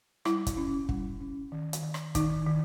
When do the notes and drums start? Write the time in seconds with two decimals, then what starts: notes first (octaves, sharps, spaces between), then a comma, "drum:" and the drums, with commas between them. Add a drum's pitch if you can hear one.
0.25 G3 E4, drum: rim click
0.46 drum: kick, hi-hat
0.57 C#4
0.89 G3, drum: kick
1.20 C#4
1.52 D#3
1.73 drum: hi-hat
1.83 D#3
1.94 drum: rim click
2.15 D#3 D#4, drum: kick, hi-hat
2.47 D#3